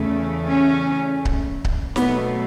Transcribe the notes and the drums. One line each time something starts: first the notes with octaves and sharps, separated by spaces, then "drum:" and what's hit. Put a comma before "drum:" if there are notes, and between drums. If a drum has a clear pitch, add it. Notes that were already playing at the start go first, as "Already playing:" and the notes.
Already playing: E2 C#3 A3
C#4
drum: kick C#1
drum: kick C#1
B2 F#3 A3 B3, drum: snare